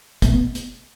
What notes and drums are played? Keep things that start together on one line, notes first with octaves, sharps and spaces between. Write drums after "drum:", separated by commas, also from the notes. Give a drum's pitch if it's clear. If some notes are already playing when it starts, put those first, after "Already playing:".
C2 B2 A3, drum: kick, hi-hat
B3
drum: hi-hat